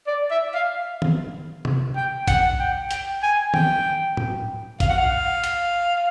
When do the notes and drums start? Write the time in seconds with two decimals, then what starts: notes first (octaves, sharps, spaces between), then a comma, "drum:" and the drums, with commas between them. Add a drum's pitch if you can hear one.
0.07 D5
0.30 E5
0.54 F5
1.02 drum: tom D#3
1.65 drum: tom C3
1.96 G5
2.28 F#5, drum: kick A1, hi-hat
2.60 G5
2.91 G5, drum: hi-hat
3.23 G#5
3.54 G5, drum: tom D#3
4.17 drum: tom
4.80 F5, drum: kick A1, hi-hat
4.89 F#5
4.98 F5
5.44 drum: hi-hat